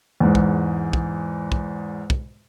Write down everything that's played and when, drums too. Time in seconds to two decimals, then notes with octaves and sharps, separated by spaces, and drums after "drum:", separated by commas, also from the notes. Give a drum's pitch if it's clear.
0.20 E2 G#2
0.35 drum: kick
0.93 drum: kick
1.52 drum: kick
2.10 drum: kick